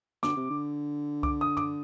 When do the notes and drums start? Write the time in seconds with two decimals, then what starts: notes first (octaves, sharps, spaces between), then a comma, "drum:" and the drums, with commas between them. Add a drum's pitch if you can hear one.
0.23 D3 D6, drum: snare
0.37 C3
0.50 D3
1.23 D6, drum: kick C2
1.41 D#6
1.57 D6, drum: tom